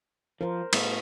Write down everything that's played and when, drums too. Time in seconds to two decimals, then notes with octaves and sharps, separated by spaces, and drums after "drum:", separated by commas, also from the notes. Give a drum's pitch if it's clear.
0.41 F3 A#4 C5
0.73 A2 B3, drum: cymbal